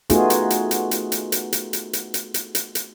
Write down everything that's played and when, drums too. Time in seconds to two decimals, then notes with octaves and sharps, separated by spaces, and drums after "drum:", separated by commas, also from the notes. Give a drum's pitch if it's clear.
0.10 A3 B3 D#4 F4 F#4 G#4, drum: hi-hat
0.30 drum: hi-hat
0.50 drum: hi-hat
0.71 drum: hi-hat
0.91 drum: hi-hat
1.12 drum: hi-hat
1.32 drum: hi-hat
1.53 drum: hi-hat
1.73 drum: hi-hat
1.93 drum: hi-hat
2.14 drum: hi-hat
2.34 drum: hi-hat
2.55 drum: hi-hat
2.75 drum: hi-hat